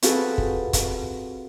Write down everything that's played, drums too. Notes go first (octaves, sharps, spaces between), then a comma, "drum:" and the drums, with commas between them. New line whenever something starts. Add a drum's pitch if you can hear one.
C4 F4 F#4 G#4 A4 B4, drum: hi-hat
drum: kick
drum: kick, hi-hat